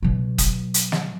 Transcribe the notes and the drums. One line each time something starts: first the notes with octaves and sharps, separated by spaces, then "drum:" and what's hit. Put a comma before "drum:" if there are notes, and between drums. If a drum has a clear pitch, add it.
B2 F#3
drum: kick, hi-hat
drum: hi-hat
drum: snare